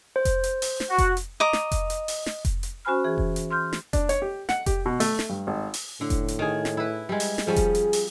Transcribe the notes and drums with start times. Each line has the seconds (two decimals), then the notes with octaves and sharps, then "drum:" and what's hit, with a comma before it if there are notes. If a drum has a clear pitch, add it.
0.16 C5
0.25 drum: kick F1, hi-hat
0.44 drum: hi-hat
0.62 drum: open hi-hat
0.80 drum: snare
0.89 F#4
0.98 drum: kick F1, hi-hat
1.17 drum: hi-hat
1.40 D#5 A#5 D6
1.53 drum: snare
1.72 drum: kick F1, hi-hat
1.90 drum: hi-hat
2.08 drum: open hi-hat
2.26 drum: snare
2.45 drum: kick F1, hi-hat
2.63 drum: hi-hat
2.85 C#4 F#4 C5 G#5 B5 F6
3.04 E3 G#4
3.18 drum: kick F1
3.36 drum: hi-hat
3.50 C6 F6 G6
3.73 drum: snare
3.93 D4, drum: kick F1, hi-hat
4.09 C#5, drum: hi-hat
4.22 G4
4.49 F#5, drum: snare
4.66 G4, drum: kick F1, hi-hat
4.86 B2
5.00 A3, drum: open hi-hat
5.19 drum: snare
5.29 G2
5.47 G#1
5.74 drum: open hi-hat
6.01 A2 D3
6.10 drum: kick F1, hi-hat
6.28 drum: hi-hat
6.39 D#3 G#4
6.65 drum: snare
6.77 E4 B4
7.09 G3 G#3
7.20 drum: open hi-hat
7.38 drum: snare
7.47 F3 G3 C#4 G#4
7.56 drum: kick F1, hi-hat
7.75 drum: hi-hat
7.93 drum: open hi-hat